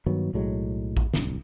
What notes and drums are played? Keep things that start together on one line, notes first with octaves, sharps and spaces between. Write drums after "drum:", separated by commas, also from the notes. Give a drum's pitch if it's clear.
G2 D#3 F#3 B3
B1 A2 F#3 G#3
drum: kick A1
D1 C2, drum: snare